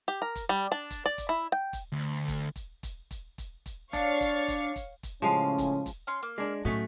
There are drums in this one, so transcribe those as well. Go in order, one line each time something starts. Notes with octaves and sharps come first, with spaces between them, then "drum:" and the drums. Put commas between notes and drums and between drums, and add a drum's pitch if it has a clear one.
G4
A#4
drum: kick E1, hi-hat
G3
D4
drum: kick E1, hi-hat
D5
drum: kick E1, hi-hat
E4
G5
drum: kick E1, hi-hat
D2
drum: kick E1, hi-hat
drum: kick E1, hi-hat
drum: kick E1, hi-hat
drum: kick E1, hi-hat
drum: kick E1, hi-hat
drum: kick E1, hi-hat
D4 C#5 F5 C#6, drum: kick E1, hi-hat
drum: kick E1, hi-hat
drum: kick E1, hi-hat
drum: kick E1, hi-hat
drum: kick E1, hi-hat
A2 C#3 F3 G#3 C#4 F5
drum: kick E1, hi-hat
drum: kick E1, hi-hat
C#4 C6
A#3
G#3 D4
A2 F#3 A3 C#4 D#4